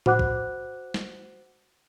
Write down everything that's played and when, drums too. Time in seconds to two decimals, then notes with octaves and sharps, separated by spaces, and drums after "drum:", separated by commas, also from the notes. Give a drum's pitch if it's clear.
0.06 F#4 C5 F#5 D6 F#6, drum: tom A2
0.19 drum: kick A#1
0.94 drum: snare